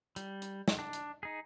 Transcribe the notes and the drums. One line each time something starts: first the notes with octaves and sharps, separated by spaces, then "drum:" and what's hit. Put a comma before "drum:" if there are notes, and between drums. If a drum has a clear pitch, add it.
G3, drum: hi-hat
drum: hi-hat
drum: snare
D4
drum: hi-hat
D#4 G#4